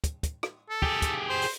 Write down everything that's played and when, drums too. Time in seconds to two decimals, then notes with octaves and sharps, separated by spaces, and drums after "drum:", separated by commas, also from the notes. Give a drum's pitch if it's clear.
0.04 drum: kick, hi-hat
0.23 drum: kick, hi-hat
0.43 drum: rim click
0.70 A4
0.82 G4 G#4, drum: kick
1.02 drum: kick, hi-hat
1.30 C5
1.42 drum: open hi-hat